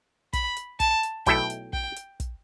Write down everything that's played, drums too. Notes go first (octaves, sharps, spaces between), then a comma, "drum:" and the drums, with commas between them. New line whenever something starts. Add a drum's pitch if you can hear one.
B5, drum: kick, hi-hat
drum: hi-hat
A5, drum: kick, hi-hat
drum: hi-hat
B1 B2 A3 E4 A4 G5, drum: kick, hi-hat
drum: hi-hat
G5, drum: kick
drum: hi-hat
drum: kick, hi-hat